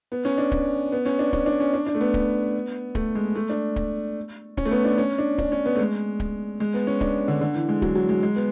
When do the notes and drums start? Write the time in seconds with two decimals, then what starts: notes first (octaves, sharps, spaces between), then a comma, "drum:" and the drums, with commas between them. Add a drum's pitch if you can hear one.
0.12 B3
0.25 C#4
0.38 D4
0.52 drum: kick D1
0.92 B3
1.06 C#4
1.19 D4
1.33 C#4, drum: kick D1
1.46 D4
1.60 C#4
1.74 D4
1.87 D4
1.95 A3
2.01 B3
2.14 drum: kick D1
2.95 A3, drum: kick D1
3.15 G#3
3.35 A3
3.50 D4
3.76 drum: kick D1
4.57 C#4, drum: kick D1
4.65 A3
4.71 B3
4.85 D4
4.98 C#4
5.18 D4
5.38 D4, drum: kick D1
5.52 C#4
5.65 B3
5.75 A3
5.79 G#3
6.20 drum: kick D1
6.60 G#3
6.74 B3
6.87 C#4
7.01 D4, drum: kick D1
7.28 D3
7.41 D3
7.55 E3
7.69 G#3
7.82 F#3, drum: kick D1
7.95 F#3
8.09 G#3
8.23 G#3
8.36 B3